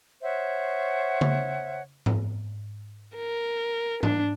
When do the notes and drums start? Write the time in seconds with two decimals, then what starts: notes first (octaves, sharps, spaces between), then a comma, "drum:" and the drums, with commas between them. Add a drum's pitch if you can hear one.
0.22 C5 C#5 E5 F#5
1.21 drum: tom C#3
2.06 drum: tom G#2
3.16 A#4
4.03 D4, drum: tom G#2